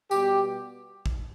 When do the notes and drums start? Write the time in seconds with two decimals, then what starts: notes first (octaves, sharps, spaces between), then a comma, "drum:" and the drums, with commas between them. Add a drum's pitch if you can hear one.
0.11 B2 G3 B3 G4, drum: tambourine
1.06 drum: kick A1